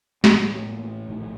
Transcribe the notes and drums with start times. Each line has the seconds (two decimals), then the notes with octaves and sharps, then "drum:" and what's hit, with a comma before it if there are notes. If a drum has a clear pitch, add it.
0.24 A1 A2 C4, drum: snare
0.35 G3
0.45 G3
0.56 A3
0.66 A1 A2 A#3
1.09 A#1 A2 D#3